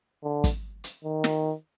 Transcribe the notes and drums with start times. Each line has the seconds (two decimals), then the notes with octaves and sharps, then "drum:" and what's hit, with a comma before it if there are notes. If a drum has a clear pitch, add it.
0.23 D3
0.44 drum: kick, hi-hat
0.84 drum: hi-hat
1.04 D#3
1.24 drum: snare